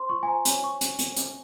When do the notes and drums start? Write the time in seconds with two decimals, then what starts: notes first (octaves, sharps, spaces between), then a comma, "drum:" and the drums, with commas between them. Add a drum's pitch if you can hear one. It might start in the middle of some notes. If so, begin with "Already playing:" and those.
Already playing: D#4 C5 C6
0.09 F4 C#6
0.23 G#5
0.27 C5 A#5
0.45 C#5 G#5, drum: hi-hat
0.64 C#5 C#6
0.81 drum: hi-hat
0.99 drum: hi-hat
1.17 drum: hi-hat